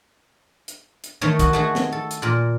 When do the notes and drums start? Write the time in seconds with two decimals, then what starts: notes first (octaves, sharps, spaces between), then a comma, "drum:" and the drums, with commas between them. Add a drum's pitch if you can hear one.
0.68 drum: hi-hat
1.04 drum: hi-hat
1.21 D#3 A3 C#5 D#5
1.39 F#4 D#5, drum: kick, hi-hat
1.53 A3 F#4 G#4
1.75 drum: snare
1.92 A4
2.11 drum: hi-hat
2.22 A#2 A#4